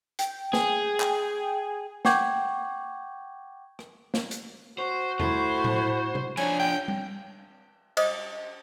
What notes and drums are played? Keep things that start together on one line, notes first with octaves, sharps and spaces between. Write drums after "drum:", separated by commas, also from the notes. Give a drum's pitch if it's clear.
G5, drum: hi-hat
G#4, drum: snare
drum: clap
F#5 G5 C#6 D6 G6 G#6, drum: snare
drum: rim click
drum: snare
drum: hi-hat
F#4 C5
A3 E4 C5, drum: tom E2
drum: tom A2
drum: tom C3
F3 D4 C#5 G#5, drum: cymbal
G5
drum: tom G3
C5 D#5 D6 D#6, drum: cymbal